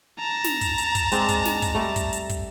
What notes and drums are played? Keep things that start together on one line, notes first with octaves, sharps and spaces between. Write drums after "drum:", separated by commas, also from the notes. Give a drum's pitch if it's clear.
A5 A#5
drum: snare
drum: kick, hi-hat
drum: hi-hat
drum: kick, hi-hat
G#3 C4 D4, drum: hi-hat
drum: kick, hi-hat
drum: snare
drum: kick, hi-hat
G3 A3
drum: kick, hi-hat
drum: hi-hat
drum: kick, hi-hat